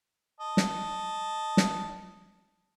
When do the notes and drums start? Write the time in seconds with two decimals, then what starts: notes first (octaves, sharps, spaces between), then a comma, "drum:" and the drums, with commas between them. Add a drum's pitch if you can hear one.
0.40 D#5 A5
0.57 drum: snare
1.57 drum: snare